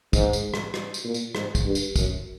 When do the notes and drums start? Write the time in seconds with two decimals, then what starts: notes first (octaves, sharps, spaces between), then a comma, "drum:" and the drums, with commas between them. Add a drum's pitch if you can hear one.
0.13 G#2, drum: kick, tambourine
0.33 drum: tambourine
0.54 drum: rim click
0.74 drum: rim click
0.94 drum: tambourine
1.04 A#2
1.14 drum: tambourine
1.35 G#2, drum: rim click
1.55 drum: kick, tambourine
1.65 G2
1.75 drum: tambourine
1.96 F#2, drum: kick, tambourine